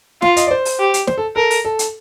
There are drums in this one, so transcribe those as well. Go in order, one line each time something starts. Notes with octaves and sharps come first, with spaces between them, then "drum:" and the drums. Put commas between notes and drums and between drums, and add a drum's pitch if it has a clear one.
F4 F5, drum: snare
D#5, drum: hi-hat
D5
C5
drum: open hi-hat
G4
drum: hi-hat
C5, drum: snare
A4
A4 A#4
drum: open hi-hat
A4
drum: hi-hat